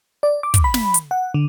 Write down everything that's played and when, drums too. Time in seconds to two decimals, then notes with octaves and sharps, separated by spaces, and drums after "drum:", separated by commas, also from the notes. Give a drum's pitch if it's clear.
0.23 D5
0.43 D6
0.54 drum: kick, hi-hat
0.64 B5
0.74 drum: snare
0.94 drum: hi-hat
1.11 F#5
1.34 D3